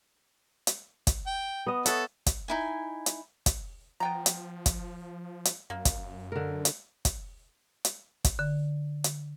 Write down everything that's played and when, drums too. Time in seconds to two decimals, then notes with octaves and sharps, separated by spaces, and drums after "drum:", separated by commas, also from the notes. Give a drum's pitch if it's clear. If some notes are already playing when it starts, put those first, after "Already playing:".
0.67 drum: hi-hat
1.07 drum: kick, hi-hat
1.27 G5
1.67 B3 D#5
1.86 A4 C#5 E5 F#5, drum: hi-hat
2.26 drum: kick, hi-hat
2.48 D#4 E4 G#5
3.06 drum: hi-hat
3.46 drum: kick, hi-hat
4.00 F3 B3 G5 A#5
4.26 drum: hi-hat
4.66 drum: kick, hi-hat
5.45 drum: hi-hat
5.70 F#2 A#3
5.85 drum: kick, hi-hat
6.32 D3 A#4
6.65 drum: hi-hat
7.05 drum: kick, hi-hat
7.85 drum: hi-hat
8.24 drum: kick, hi-hat
8.39 D3
9.04 drum: hi-hat